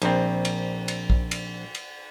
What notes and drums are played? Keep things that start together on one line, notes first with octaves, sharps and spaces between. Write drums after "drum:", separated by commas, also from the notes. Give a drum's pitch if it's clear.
A#1 C4, drum: cymbal
drum: cymbal
drum: cymbal
drum: kick A#1
drum: cymbal
drum: cymbal